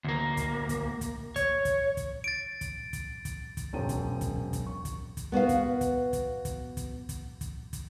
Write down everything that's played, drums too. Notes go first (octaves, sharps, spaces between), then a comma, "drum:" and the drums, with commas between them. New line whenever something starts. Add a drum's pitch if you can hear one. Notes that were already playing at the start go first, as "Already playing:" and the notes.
D2 A#3
drum: kick, hi-hat
drum: kick, hi-hat
drum: kick, hi-hat
C#5, drum: kick, hi-hat
drum: kick, hi-hat
drum: kick, hi-hat
A6 D7
drum: kick, hi-hat
drum: kick, hi-hat
drum: kick, hi-hat
drum: kick, hi-hat
E1 F#2 C5 G5 D#7
drum: kick, hi-hat
drum: kick, hi-hat
drum: kick, hi-hat
C#6
drum: kick, hi-hat
drum: kick, hi-hat
B3 F#4 B4 F5
drum: kick, hi-hat
drum: kick, hi-hat
drum: kick, hi-hat
drum: kick, hi-hat
drum: kick, hi-hat
drum: kick, hi-hat
drum: kick, hi-hat
drum: kick, hi-hat